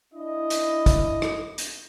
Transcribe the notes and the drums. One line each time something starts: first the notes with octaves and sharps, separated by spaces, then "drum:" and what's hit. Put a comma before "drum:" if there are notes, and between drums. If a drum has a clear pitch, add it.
D4 E4 D#5
drum: hi-hat
drum: kick, hi-hat
drum: rim click
drum: hi-hat